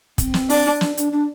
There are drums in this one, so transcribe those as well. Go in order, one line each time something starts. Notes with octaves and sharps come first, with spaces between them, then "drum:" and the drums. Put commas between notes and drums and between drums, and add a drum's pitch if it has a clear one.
C4, drum: kick, hi-hat
drum: snare
D4, drum: open hi-hat
D4, drum: snare
D4, drum: hi-hat
D4